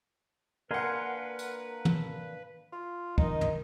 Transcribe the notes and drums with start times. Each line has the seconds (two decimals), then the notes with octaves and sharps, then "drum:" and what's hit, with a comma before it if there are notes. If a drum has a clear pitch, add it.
0.71 A#3 D4 A#4 B4 F5 F#5 G#5 C6
1.39 drum: tambourine
1.85 drum: tom
2.73 F4
3.18 D#3 D#4 D#5, drum: kick
3.41 drum: tom